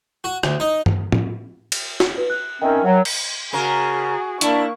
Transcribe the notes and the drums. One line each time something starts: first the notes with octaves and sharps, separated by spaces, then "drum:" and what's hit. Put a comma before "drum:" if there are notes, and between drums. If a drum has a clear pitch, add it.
F#4
D2, drum: rim click
D#4
drum: tom G2
drum: tom
drum: cymbal
drum: snare
B4
F#6
D#3 C4 C#4 A#4 E5 G5
F#3
drum: cymbal
C#3 F#4 G#4 A#4
A#3 D4 E4 C#6, drum: hi-hat